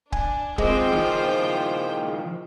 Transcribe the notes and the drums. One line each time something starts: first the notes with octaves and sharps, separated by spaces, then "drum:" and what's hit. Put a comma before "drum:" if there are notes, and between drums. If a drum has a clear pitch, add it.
D4 G#5, drum: kick C#1
G#3 C4 F4 G#4 C5 D#5 G5 D6, drum: kick C#1
D#3 F3